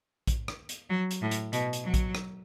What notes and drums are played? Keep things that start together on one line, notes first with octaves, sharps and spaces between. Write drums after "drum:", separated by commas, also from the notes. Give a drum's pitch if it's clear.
drum: kick A#1, hi-hat
drum: rim click
drum: hi-hat
F#3
drum: hi-hat
A2
drum: hi-hat
B2, drum: hi-hat
drum: hi-hat
F#3
drum: kick A#1, hi-hat
drum: rim click